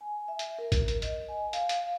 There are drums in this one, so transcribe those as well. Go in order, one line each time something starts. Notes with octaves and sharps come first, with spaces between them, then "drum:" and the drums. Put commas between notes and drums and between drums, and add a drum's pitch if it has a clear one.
G#5
E5
drum: hi-hat
A#4
drum: kick A1, hi-hat
drum: hi-hat
D#5, drum: hi-hat
G#5
F5, drum: hi-hat
drum: hi-hat